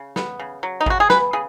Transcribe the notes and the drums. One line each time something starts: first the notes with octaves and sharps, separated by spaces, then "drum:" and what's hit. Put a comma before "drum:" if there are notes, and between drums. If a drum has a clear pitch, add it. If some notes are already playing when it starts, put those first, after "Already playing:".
Already playing: C#3
B3, drum: snare
C#3
F#3
D#4
C#3 F#4, drum: kick G#1
G#4
B3 B4, drum: snare
C#3 G#4